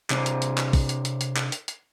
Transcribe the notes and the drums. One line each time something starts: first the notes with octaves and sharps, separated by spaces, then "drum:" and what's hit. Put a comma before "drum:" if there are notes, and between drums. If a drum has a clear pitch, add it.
C3 D4 C5, drum: clap
drum: hi-hat
drum: hi-hat
drum: clap
drum: kick, open hi-hat
drum: hi-hat
drum: hi-hat
drum: hi-hat
drum: clap
drum: hi-hat
drum: hi-hat